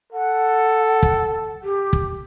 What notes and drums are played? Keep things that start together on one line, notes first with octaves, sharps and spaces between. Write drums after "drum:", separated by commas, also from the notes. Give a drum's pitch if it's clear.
A4 F#5
drum: kick
G4
drum: kick